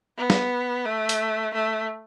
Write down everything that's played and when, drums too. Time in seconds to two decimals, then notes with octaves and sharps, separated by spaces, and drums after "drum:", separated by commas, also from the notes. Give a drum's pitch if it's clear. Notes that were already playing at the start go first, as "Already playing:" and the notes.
0.17 B3
0.30 drum: snare
0.85 A3
1.09 drum: hi-hat
1.54 A3